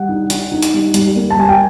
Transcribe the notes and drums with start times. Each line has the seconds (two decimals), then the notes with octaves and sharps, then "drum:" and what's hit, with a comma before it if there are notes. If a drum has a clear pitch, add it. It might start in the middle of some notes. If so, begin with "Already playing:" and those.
Already playing: G3 F#5
0.09 D#4
0.30 D#4, drum: hi-hat
0.52 D#4
0.62 drum: hi-hat
0.74 G3
0.94 G3, drum: hi-hat
1.16 A#3
1.30 A5
1.37 G3 G#5
1.49 G5